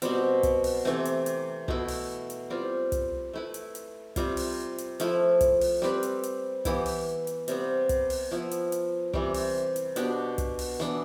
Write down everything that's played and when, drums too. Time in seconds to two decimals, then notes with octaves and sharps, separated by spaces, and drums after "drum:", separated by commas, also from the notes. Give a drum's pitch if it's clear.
0.02 B2 G3 C4, drum: hi-hat
0.43 drum: kick, hi-hat
0.64 drum: open hi-hat
0.85 C3 E3 A3 C4
1.05 drum: hi-hat
1.26 drum: hi-hat
1.68 B2 A3 E4 B4, drum: kick
1.88 drum: open hi-hat
2.30 drum: hi-hat
2.50 G3 C4 F4
2.92 drum: kick, hi-hat
3.34 A3 E4 B4
3.54 drum: hi-hat
3.75 drum: hi-hat
4.16 C3 G3 C4 F4, drum: kick, hi-hat
4.37 drum: open hi-hat
4.78 drum: hi-hat
5.00 F3 A3 E4, drum: hi-hat
5.41 drum: kick, hi-hat
5.61 drum: open hi-hat
5.82 G3 C4 G4 B4
6.03 drum: hi-hat
6.23 drum: hi-hat
6.65 E3 B3 E4 G4, drum: kick, hi-hat
6.86 drum: open hi-hat
7.27 drum: hi-hat
7.48 C3 G3 B3, drum: hi-hat
7.89 drum: kick, hi-hat
8.10 drum: open hi-hat
8.31 F3 B3 E4
8.51 drum: hi-hat
8.72 drum: hi-hat
9.13 C3 E3 G3, drum: kick
9.34 drum: open hi-hat
9.76 drum: hi-hat
9.96 B2 B3 D4 G4, drum: hi-hat
10.38 drum: kick, hi-hat
10.59 drum: open hi-hat
10.80 E3 B3 D4